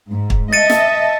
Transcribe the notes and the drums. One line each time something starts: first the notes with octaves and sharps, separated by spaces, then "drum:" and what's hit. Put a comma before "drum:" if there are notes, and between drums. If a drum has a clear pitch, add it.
G#2
drum: kick
D#5 E5 A5 A6 C#7 D#7
drum: snare